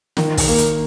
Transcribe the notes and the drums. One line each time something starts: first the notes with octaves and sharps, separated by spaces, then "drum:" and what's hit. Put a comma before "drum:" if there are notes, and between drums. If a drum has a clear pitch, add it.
D#3, drum: snare
drum: kick, open hi-hat
A#3
drum: hi-hat